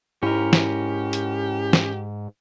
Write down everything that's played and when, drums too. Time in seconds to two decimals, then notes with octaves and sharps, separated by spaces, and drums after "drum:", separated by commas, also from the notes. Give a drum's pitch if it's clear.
0.23 G#2 C#4 E4 G4 A#4
0.53 drum: snare
1.13 drum: hi-hat
1.73 drum: snare